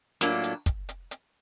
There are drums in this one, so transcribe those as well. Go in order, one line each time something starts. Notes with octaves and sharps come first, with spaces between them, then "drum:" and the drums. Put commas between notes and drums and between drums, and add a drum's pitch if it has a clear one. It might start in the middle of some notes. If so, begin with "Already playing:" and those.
A2 F#3 A#3 D4 F4, drum: snare
drum: hi-hat
drum: kick, hi-hat
drum: hi-hat
drum: hi-hat